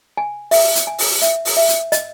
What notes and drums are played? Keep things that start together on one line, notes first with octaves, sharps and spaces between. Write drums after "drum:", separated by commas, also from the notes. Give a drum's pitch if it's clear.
G#5
E5, drum: open hi-hat
drum: hi-hat
G#5
drum: open hi-hat
E5, drum: hi-hat
drum: open hi-hat
E5
drum: hi-hat
D#5, drum: hi-hat